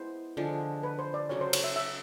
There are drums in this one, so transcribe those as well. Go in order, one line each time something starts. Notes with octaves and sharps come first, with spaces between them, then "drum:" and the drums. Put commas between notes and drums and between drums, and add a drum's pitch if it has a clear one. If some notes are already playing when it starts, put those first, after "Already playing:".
Already playing: G#3 B3 E4 C5
D3 F3 G#3
B4
C5
D5
C#3 F#3 A3 C#5
C5
C#5, drum: cymbal
E5
E5